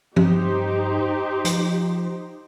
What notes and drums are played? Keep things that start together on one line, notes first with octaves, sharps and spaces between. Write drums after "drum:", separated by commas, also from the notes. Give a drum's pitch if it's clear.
G2 D#4 G4 C5, drum: tom F3
F3, drum: hi-hat